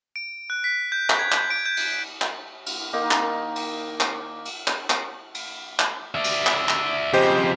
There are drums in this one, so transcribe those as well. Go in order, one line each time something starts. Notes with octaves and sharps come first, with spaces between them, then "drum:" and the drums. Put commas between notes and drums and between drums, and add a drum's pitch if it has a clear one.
D7
F#6
B6
G6
drum: clap
G#6
drum: clap
D7
G6
drum: cymbal
drum: clap
drum: cymbal
D#3 A#3 D#4
drum: clap
drum: cymbal
drum: clap
drum: cymbal
drum: clap
drum: clap
drum: cymbal
drum: clap
D5 E5
drum: cymbal
drum: clap
drum: clap
F2 C#3 G4 C5 D#5